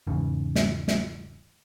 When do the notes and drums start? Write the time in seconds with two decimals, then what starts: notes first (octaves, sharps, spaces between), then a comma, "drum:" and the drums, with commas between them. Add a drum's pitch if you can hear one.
0.07 E2 G#2 C#3
0.55 drum: snare
0.88 drum: snare